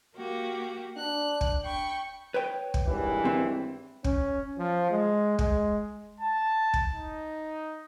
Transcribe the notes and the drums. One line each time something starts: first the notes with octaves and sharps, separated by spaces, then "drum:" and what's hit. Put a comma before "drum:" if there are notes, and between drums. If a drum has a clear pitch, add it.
A#3 F#4 G4
D4 F#6
drum: kick
G5 B5 C#6
B4 C#5 G5
drum: kick
G#1 G2 E3
C4
C#4, drum: kick
F3
G#3
G#3, drum: kick
A5
drum: kick
D#4